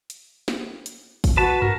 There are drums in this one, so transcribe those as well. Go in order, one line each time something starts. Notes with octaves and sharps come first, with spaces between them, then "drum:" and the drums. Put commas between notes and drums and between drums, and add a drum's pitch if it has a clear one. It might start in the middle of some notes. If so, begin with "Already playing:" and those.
drum: hi-hat
drum: snare
drum: hi-hat
drum: kick, open hi-hat
F#4 B4 A5
F#4 A#4, drum: tom